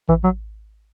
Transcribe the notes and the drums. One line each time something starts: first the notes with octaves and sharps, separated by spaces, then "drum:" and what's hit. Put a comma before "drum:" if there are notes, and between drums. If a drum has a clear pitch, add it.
E3, drum: kick A1
F#3